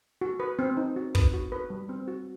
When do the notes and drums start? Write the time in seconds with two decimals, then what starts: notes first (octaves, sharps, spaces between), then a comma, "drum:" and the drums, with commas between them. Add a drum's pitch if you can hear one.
0.21 F#4
0.40 B4
0.59 C4
0.77 D#4
0.96 F#4
1.15 B4, drum: kick
1.34 F#4
1.52 B4
1.70 G3
1.89 C4
2.08 F#4